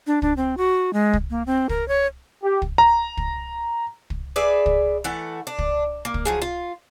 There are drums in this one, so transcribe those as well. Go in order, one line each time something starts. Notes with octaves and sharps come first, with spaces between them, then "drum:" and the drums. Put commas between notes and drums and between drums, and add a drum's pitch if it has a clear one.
D4
D4, drum: kick
C4
F#4
G#3
drum: kick
A#3
C4
A#4, drum: kick
C#5
G4
drum: kick
A#5
drum: kick
drum: kick
G#4 B4 D5 E5
drum: kick
E3 A3 F#5
D4
drum: kick
A#3
drum: kick
F3 F#3 G#4
F4